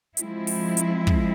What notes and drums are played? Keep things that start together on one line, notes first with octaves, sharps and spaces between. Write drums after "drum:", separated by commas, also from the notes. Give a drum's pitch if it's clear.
F3 G#3 C4 E4, drum: hi-hat
drum: open hi-hat
drum: hi-hat
drum: kick